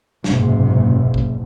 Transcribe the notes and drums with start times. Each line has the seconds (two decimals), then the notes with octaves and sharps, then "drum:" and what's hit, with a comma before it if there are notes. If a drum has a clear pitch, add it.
0.24 F#1 B1 G#2 C3, drum: snare
1.14 drum: kick